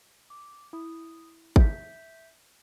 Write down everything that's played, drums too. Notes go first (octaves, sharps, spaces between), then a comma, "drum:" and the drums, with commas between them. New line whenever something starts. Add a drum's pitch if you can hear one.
D6
E4 D#6
E5 G6 B6, drum: kick G#1